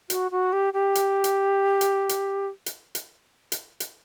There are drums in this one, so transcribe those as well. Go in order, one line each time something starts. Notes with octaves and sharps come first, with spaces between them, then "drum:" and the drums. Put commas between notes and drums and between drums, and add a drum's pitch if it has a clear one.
F#4, drum: hi-hat
F#4
G4
G4
drum: hi-hat
drum: hi-hat
drum: hi-hat
drum: hi-hat
drum: hi-hat
drum: hi-hat
drum: hi-hat
drum: hi-hat